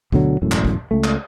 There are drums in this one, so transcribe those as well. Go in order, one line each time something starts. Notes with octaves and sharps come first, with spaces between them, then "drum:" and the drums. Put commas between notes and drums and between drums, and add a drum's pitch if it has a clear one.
D2 B2 D3 F#3, drum: kick
E1 F#2 A2
drum: clap
drum: kick
C#2 A3
drum: clap